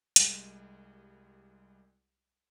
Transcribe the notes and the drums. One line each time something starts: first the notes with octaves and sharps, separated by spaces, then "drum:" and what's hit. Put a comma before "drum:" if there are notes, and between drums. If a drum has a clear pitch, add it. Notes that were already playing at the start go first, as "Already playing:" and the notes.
C2 G3 G#3, drum: hi-hat